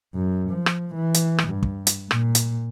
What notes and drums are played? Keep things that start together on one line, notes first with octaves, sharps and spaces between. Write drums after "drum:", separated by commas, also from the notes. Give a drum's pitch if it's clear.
F#2
F3
drum: rim click
E3
drum: hi-hat
drum: rim click
G2
drum: kick
drum: hi-hat
A#2, drum: rim click
drum: hi-hat